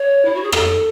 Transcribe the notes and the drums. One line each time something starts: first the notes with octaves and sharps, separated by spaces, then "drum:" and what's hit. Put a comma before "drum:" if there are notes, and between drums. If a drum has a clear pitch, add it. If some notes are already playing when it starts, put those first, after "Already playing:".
Already playing: C#5
E4
F#4
G#4
A4, drum: rim click